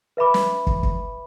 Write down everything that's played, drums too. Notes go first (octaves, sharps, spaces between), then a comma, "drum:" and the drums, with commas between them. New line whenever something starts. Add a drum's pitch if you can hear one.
B4 E5 B5 D6
drum: snare
drum: kick
drum: kick